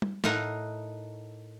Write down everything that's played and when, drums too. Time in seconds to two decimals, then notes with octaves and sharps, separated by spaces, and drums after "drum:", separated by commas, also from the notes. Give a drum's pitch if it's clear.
0.02 drum: tom G3
0.24 A2 D#4 A#4 F#5, drum: snare